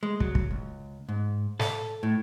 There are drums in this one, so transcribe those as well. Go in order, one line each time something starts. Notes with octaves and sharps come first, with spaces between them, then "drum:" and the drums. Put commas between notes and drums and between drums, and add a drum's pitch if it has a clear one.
G#3
F#3, drum: kick
drum: kick
C#2
G#2
A4, drum: snare
A2